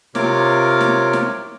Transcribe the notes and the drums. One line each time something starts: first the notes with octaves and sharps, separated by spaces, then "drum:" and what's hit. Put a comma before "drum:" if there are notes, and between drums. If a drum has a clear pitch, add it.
C3 F4 A#4 C#5 D6, drum: snare
drum: snare
drum: snare